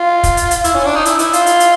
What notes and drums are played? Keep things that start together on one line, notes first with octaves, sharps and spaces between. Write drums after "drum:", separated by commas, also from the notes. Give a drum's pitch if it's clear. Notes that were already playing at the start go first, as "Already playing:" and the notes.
Already playing: F4
drum: kick, hi-hat
drum: hi-hat
drum: hi-hat
E4, drum: hi-hat
C#4
D4
D#4
E4, drum: hi-hat
E4, drum: hi-hat
F4, drum: hi-hat
drum: hi-hat
drum: hi-hat